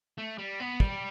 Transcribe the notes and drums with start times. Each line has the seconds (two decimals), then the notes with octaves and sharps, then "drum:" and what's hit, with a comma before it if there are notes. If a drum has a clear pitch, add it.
0.18 A3
0.38 G3
0.60 B3
0.80 G3, drum: kick